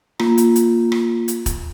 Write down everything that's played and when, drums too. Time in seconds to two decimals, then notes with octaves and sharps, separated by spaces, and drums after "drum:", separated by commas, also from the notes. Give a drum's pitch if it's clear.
0.19 A#3 F4 A#5, drum: rim click
0.38 drum: hi-hat
0.56 drum: hi-hat
0.92 drum: rim click
1.28 drum: hi-hat
1.46 drum: kick, hi-hat